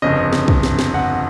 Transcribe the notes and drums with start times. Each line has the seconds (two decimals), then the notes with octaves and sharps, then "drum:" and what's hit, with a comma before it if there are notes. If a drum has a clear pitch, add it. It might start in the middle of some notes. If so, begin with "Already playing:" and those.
0.02 G1 F2 C#3 D#5
0.33 drum: snare
0.48 drum: kick
0.63 drum: snare
0.79 drum: snare
0.94 F#5